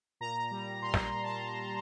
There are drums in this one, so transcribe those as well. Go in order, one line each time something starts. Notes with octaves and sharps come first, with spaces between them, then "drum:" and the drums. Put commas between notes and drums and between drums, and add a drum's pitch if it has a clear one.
A#2 A#5
G3
A#2 C6
drum: snare
A#2
A5